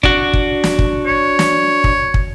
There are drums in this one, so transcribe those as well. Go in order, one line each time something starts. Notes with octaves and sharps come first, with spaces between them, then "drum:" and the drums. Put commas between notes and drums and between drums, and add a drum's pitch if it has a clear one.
D4 F#4, drum: kick
drum: kick
drum: snare
drum: kick
C#5
drum: snare
drum: kick
drum: kick